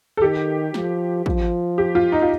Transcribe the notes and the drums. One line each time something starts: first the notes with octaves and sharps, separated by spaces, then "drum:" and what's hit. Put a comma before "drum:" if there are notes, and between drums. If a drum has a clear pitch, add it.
A4
D#3 G4
F3, drum: snare
F3, drum: kick
G4
F4
D#4
F4